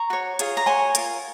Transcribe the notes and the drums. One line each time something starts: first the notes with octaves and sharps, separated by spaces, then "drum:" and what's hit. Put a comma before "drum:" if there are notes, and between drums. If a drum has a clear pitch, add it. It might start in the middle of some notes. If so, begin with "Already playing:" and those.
Already playing: A#5 C#6
F#4 C#5
F4 G#4 C#5, drum: hi-hat
A#5
F#4 C#5 G#5 C6
F4 A#4 C#5, drum: hi-hat